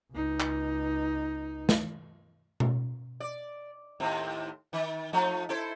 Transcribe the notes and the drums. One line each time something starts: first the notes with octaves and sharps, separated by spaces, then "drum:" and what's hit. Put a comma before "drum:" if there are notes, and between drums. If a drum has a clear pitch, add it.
C#2 D#4
drum: clap
drum: snare
drum: tom B2
D5
D#2 A2 C4
D#3
F3 A3 D#4
E4 A4 C5